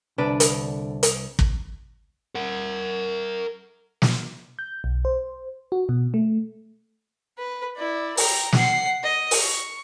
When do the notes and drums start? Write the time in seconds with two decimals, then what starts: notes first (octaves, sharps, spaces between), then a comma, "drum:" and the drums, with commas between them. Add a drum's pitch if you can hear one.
0.18 C2 D3 D4 B4
0.40 drum: hi-hat
1.03 drum: hi-hat
1.39 drum: kick
2.35 A#4 F#5
4.02 drum: snare
4.59 G6
4.84 B1
5.05 C5
5.72 F#4
5.89 B2
6.14 A3
7.38 B4
7.77 E4 D5
8.17 G5 A#5, drum: open hi-hat
8.52 F#5 C7, drum: snare
9.03 D#5
9.31 drum: open hi-hat
9.41 C#6